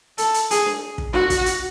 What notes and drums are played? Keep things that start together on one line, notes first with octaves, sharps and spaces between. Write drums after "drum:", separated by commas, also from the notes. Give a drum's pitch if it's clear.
A4, drum: hi-hat
drum: hi-hat
G#4, drum: hi-hat
drum: snare D4
drum: kick
F#4, drum: snare D4
drum: kick, hi-hat
drum: hi-hat